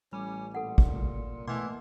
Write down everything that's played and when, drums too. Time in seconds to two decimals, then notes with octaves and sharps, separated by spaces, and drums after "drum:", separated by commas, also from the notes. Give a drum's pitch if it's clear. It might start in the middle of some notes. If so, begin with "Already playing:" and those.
0.13 A1 G3 C#4
0.55 A#2 A4 F#5
0.78 drum: kick
1.47 B2 E3 A3 A#3 C6